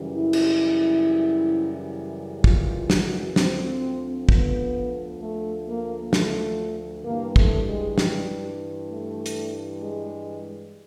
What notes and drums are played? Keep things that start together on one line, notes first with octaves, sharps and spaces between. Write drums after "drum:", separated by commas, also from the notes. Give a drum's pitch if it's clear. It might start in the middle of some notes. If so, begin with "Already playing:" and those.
Already playing: F#2 C#3 E3 G3
E4
drum: cymbal
F4, drum: kick
F#4, drum: snare
D2 D3 F3 C4, drum: snare
B3, drum: kick
A3
A#3
A3, drum: snare
G2 E3 G3 A#3
A3, drum: kick
G#3
G3, drum: snare
A3
drum: hi-hat
G#3